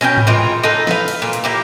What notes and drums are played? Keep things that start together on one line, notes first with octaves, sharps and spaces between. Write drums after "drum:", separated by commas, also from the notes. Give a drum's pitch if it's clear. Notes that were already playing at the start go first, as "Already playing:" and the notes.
B2 C#4 B4 G5
drum: tom G#2
E3 G#3 F4 A#4
D#4 F4 A4 B4
B4 F5, drum: snare
drum: cymbal
A#2
drum: hi-hat
A#3 E4 G4